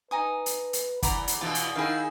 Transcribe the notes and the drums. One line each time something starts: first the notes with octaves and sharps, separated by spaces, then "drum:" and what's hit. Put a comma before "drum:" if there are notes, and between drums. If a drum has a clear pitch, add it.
D#4 B4 G#5 D#6
drum: hi-hat
drum: hi-hat
E2 D5 F#5 A#5 B5, drum: kick, hi-hat
drum: hi-hat
E2 B2 E3 F4
drum: hi-hat
D#3 E4 G#4 F5